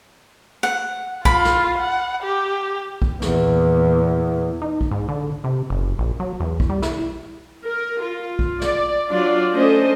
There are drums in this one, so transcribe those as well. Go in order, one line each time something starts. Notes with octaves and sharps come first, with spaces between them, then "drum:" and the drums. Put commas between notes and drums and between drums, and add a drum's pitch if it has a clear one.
F#5
F4 B5, drum: kick B1
drum: snare
F#5
G4
drum: kick B1
E2 A#2, drum: snare
D#4
drum: kick B1
G#2
D3
C3
F#1
A#1
F#3
E2
drum: kick B1
G3
E4, drum: snare
A#4
F4
drum: kick B1
D5, drum: snare
F#3 D4 F4 D5
A3 C#4 D4 A4 C5 D#5